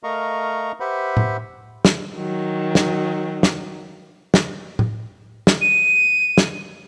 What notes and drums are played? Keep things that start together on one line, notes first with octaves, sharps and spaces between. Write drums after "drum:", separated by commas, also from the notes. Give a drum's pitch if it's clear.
A3 A#4 D#5 F5 A#5 C#6
G4 B4 C5 E5 F#5 B5
drum: tom A2
drum: snare
D#3 F#3
drum: snare
drum: snare
drum: snare
drum: tom A2
drum: snare
D#7
drum: snare